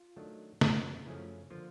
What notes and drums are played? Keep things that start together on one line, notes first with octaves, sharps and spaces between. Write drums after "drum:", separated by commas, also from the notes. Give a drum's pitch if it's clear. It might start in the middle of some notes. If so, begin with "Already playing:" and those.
Already playing: F4
D#3 F#3 A3 D4
F#2 C#3 F3 A3 C#4 F#4, drum: snare
F#2 C#3 F3 A3 C#4 E4
D3 F3 A#3 F4